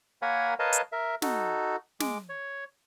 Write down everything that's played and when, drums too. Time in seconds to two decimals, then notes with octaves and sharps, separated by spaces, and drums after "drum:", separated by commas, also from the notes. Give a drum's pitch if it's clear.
0.22 A#3 A#4 C#5 F#5 G#5 B5
0.59 A#4 B4 C#5 D#5 F5 A5
0.73 drum: hi-hat
0.92 A#4 E5
1.22 D#4 F#4 A4, drum: snare
2.00 G#3 D6, drum: snare
2.29 C#5